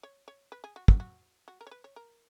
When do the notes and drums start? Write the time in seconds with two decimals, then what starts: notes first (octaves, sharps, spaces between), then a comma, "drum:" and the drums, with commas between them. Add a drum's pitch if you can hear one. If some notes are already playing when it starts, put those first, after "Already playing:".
0.03 C#5
0.28 C#5
0.52 B4
0.64 G#4
0.76 F#4
0.88 F#4, drum: kick
1.00 F#4
1.48 F#4
1.61 A#4
1.67 C#5
1.71 B4
1.84 C#5
1.96 A#4